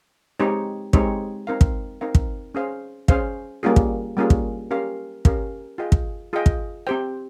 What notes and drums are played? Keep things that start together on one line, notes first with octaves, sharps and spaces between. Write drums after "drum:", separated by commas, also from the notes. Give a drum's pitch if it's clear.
G#3 C4 D#4 G4 C#5
G#3 C4 D#4 G4 C#5, drum: kick
C4 D#4 A#4 F5
drum: kick
C4 D#4 A#4 F5
drum: kick
C#4 G#4 C5 F5
C#4 G#4 C5 F5, drum: kick
G3 A#3 C#4 F4 G#4
drum: kick
G3 A#3 C#4 F4 G#4
drum: kick
C#4 G4 A#4 F5
C#4 G4 A#4 F5, drum: kick
F4 G#4 D#5 G5
drum: kick
F4 G#4 D#5 G5
drum: kick
C4 G4 C5 G5